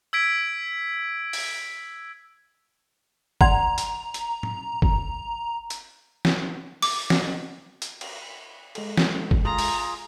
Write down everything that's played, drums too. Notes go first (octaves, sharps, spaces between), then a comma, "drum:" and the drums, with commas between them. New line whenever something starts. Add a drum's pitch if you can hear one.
E6 G#6 B6 D7
drum: open hi-hat
D5 F#5 A#5 C6, drum: kick G1
drum: hi-hat
drum: hi-hat
drum: tom
drum: kick G1
drum: hi-hat
drum: snare
D6, drum: open hi-hat
drum: snare
drum: hi-hat
drum: cymbal
G#3 A4, drum: cymbal
drum: snare
drum: kick G1
F4 G#4 A#5
drum: open hi-hat